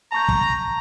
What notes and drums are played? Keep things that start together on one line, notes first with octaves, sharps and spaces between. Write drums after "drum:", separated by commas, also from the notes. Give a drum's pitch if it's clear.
A5 A#5 C#6 G6
drum: kick